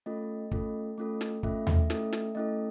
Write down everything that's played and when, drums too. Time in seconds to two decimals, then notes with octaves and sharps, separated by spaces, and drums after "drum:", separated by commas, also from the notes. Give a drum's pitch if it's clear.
0.06 A3 C#4 F4 A4 D#5
0.51 A3 C#4 F4 A4, drum: kick
0.98 A3 C#4 F4 A4
1.21 drum: snare
1.43 A3 C#4 F4 A4 E5, drum: kick
1.67 drum: tom D#2
1.90 A3 C#4 E4 A4, drum: snare
2.13 drum: snare
2.35 A3 C#4 E4 A4 D#5